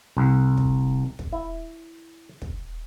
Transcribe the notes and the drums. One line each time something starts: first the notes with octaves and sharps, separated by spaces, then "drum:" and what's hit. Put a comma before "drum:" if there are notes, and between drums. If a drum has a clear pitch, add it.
C2
drum: kick
drum: kick
E4
drum: kick